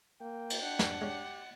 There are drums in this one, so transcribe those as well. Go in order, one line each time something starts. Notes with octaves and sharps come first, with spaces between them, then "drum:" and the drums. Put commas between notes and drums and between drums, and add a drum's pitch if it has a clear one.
A#3 G5
drum: cymbal
D4 F#5
drum: snare
G#3 C#4 G4